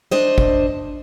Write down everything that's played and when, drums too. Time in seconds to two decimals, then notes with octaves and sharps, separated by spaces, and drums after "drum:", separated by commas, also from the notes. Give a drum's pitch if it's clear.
0.11 D4 C5 D#5
0.38 drum: kick